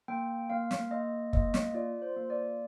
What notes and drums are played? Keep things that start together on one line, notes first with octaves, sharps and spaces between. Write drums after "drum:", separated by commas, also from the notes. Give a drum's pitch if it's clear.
A#3 G5
A#3 F5
drum: snare
A#3 D#5
A#3 D#5, drum: kick
drum: snare
F4 D5
C5
A#3
D5